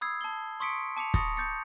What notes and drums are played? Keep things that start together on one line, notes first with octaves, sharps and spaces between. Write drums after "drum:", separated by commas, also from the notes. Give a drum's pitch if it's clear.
B5 D#6 E6 G#6 C7
A5 G7
C6 C#6 D#6 B6 C#7 D7
A5 D6 C#7 F7
B5 C#6 D#6 A6 A#6 C#7, drum: kick
D6 G6 A6 C#7